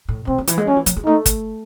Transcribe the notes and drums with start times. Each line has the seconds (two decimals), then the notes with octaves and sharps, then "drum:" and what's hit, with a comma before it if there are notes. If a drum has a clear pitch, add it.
0.09 A2
0.27 C3 C4
0.38 C#3
0.47 E3, drum: hi-hat
0.58 G#3
0.67 F#3 C#4
0.76 E3
0.86 F#3, drum: hi-hat
0.97 G#3
1.05 A3 D#4
1.26 drum: kick, hi-hat